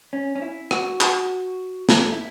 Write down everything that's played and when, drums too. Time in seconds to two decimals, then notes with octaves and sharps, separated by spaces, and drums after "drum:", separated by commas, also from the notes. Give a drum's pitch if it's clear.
0.13 C#4
0.35 C#4
0.42 E4
0.71 F#4, drum: rim click
1.01 F#4, drum: clap
1.89 A4, drum: snare
2.12 E4